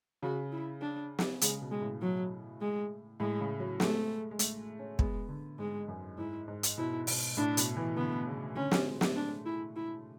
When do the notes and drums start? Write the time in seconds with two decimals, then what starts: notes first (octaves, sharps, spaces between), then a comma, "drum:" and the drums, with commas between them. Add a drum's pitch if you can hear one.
0.23 C#3 F#4
0.52 E4
0.81 D4
1.19 drum: snare
1.41 C#3 G#3, drum: hi-hat
1.62 B2
1.71 G#3
1.81 A2
2.01 F#3
2.61 G#3
3.20 A2 G#3
3.40 C#3
3.60 F#3
3.80 G#3 A3, drum: snare
4.31 G#3
4.39 A3, drum: hi-hat
4.79 C#4
4.99 G#3 B3, drum: kick
5.28 D3
5.58 G#2 G#3
5.88 F#2
6.18 G#2 E4
6.48 G#2
6.63 drum: hi-hat
6.78 B2 E4
7.07 B2, drum: open hi-hat
7.37 A2 D4
7.57 B2, drum: hi-hat
7.77 E3
7.96 D3 B3
8.26 C#3
8.56 D3 C#4
8.71 F#3, drum: snare
8.86 G#3
9.01 A3, drum: snare
9.16 D4
9.46 E4
9.76 E4